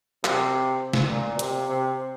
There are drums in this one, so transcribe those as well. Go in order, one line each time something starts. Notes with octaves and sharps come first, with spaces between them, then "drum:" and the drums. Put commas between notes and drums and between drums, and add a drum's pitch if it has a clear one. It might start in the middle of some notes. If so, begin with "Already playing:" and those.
C3, drum: clap
drum: snare
A#2
C3, drum: hi-hat
C3